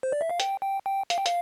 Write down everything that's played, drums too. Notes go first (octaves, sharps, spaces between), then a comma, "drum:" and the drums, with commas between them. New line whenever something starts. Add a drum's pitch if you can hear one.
C5
D5
E5
F5
G5, drum: hi-hat
G5
G5
F5, drum: hi-hat
G5
F5, drum: hi-hat